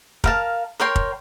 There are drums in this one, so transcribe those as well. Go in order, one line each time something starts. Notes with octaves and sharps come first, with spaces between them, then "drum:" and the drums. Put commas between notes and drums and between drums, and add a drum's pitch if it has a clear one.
A#4 F5 A5, drum: kick
A#4 C#5 G5 C6
drum: kick